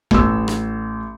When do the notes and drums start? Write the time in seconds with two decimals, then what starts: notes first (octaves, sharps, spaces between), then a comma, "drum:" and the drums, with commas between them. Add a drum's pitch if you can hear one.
0.11 A1 E6, drum: kick E1
0.48 drum: rim click